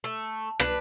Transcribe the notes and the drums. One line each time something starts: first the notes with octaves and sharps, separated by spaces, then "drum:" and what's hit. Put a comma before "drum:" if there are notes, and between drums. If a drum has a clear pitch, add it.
A3
D4 B4, drum: rim click